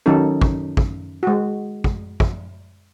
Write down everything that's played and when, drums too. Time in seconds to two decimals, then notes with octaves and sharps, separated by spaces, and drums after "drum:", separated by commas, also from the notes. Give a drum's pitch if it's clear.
0.06 D#3 F#3 C#4 D#4 A4
0.41 drum: kick
0.77 drum: kick
1.23 G#3 F#4
1.84 drum: kick
2.20 drum: kick